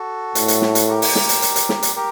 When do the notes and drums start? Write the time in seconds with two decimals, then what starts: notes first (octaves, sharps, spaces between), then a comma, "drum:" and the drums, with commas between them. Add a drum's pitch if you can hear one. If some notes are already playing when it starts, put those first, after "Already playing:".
Already playing: F#4 A4
0.35 A2, drum: hi-hat
0.48 drum: hi-hat
0.62 drum: snare
0.75 drum: hi-hat
0.88 G4 A#4
1.02 drum: open hi-hat
1.15 drum: snare
1.29 drum: hi-hat
1.42 drum: hi-hat
1.56 drum: hi-hat
1.69 drum: snare
1.83 drum: hi-hat
1.96 G4 A#4